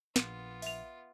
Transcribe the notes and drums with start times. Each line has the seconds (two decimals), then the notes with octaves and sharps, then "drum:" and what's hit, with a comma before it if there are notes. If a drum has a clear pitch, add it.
0.16 A#1 B3 F4, drum: snare
0.62 E5 F7, drum: open hi-hat